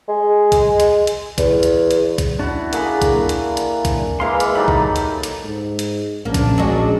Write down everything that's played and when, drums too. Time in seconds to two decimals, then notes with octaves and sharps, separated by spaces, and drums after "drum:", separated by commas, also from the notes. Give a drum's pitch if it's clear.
0.09 G#3
0.52 drum: kick B1, hi-hat
0.80 drum: hi-hat
1.07 drum: hi-hat
1.38 E2, drum: kick B1, hi-hat
1.63 drum: hi-hat
1.91 drum: hi-hat
2.18 drum: kick B1, hi-hat
2.39 D4 E4 F#4
2.73 D3 A#3 G#4 B5, drum: hi-hat
3.02 drum: kick B1, hi-hat
3.15 A#3
3.29 drum: hi-hat
3.57 drum: hi-hat
3.85 drum: kick B1, hi-hat
4.20 E3 G#3 A#3 B4 F5 C6
4.40 drum: hi-hat
4.55 F#3 D#4 G4 A4 B5
4.68 drum: kick B1
4.96 drum: hi-hat
5.23 drum: hi-hat
5.44 G#2
5.79 drum: hi-hat
6.25 A#1 A#3 C#4 D4
6.34 drum: kick B1, hi-hat
6.58 F#3 G#3